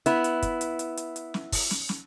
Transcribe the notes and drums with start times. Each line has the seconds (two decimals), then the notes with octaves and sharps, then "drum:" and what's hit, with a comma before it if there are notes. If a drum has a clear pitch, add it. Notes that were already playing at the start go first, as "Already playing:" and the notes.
0.06 B3 E4, drum: hi-hat
0.24 drum: hi-hat
0.42 drum: kick, hi-hat
0.61 drum: hi-hat
0.79 drum: hi-hat
0.97 drum: hi-hat
1.16 drum: hi-hat
1.34 drum: snare
1.52 drum: kick, open hi-hat
1.71 drum: snare
1.89 drum: snare